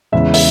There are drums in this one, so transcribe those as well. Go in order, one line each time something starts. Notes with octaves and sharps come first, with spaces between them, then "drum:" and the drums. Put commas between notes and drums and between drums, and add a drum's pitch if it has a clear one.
E2 C#3 E3 G#3 E5
E5, drum: open hi-hat